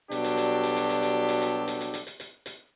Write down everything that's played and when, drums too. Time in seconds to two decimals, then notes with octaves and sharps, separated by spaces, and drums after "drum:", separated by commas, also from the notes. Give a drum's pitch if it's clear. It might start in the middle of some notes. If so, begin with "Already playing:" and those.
0.11 B2 F#3 G3 D4 G4 A4, drum: hi-hat
0.24 drum: hi-hat
0.37 drum: hi-hat
0.64 drum: hi-hat
0.77 drum: hi-hat
0.90 drum: hi-hat
1.03 drum: hi-hat
1.29 drum: hi-hat
1.42 drum: hi-hat
1.68 drum: hi-hat
1.81 drum: hi-hat
1.94 drum: hi-hat
2.07 drum: hi-hat
2.20 drum: hi-hat
2.46 drum: hi-hat